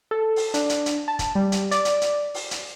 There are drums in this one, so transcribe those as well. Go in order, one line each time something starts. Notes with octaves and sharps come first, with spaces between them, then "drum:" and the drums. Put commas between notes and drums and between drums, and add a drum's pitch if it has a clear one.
A4
drum: open hi-hat
D4, drum: hi-hat
drum: hi-hat
drum: hi-hat
A5
drum: kick, hi-hat
G3
drum: hi-hat
D5, drum: hi-hat
drum: hi-hat
drum: hi-hat
drum: open hi-hat
drum: hi-hat